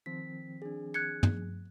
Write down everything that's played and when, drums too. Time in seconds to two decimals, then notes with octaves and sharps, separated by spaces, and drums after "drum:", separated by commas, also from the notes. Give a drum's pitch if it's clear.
0.06 D#3 F3 C4 B6
0.62 D4 G#4
0.94 F#6 G#6 C#7
1.23 drum: tom